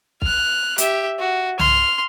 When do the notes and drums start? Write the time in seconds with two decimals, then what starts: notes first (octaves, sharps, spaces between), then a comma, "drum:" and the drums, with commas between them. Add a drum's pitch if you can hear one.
0.22 F6 F#6, drum: kick
0.78 G4 E5, drum: hi-hat
1.19 F#4
1.59 C6 F6, drum: tom C2